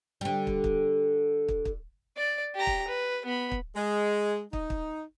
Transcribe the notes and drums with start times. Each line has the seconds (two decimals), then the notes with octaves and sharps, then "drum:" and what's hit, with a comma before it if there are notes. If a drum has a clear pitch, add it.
0.21 D3 G3
0.47 drum: kick
0.64 drum: kick
1.48 drum: kick
1.65 drum: kick
2.18 D5
2.55 G4 A#5
2.67 drum: kick
2.88 B4
3.26 B3 B5
3.52 drum: kick
3.76 G#3
4.53 D#4, drum: kick
4.70 drum: kick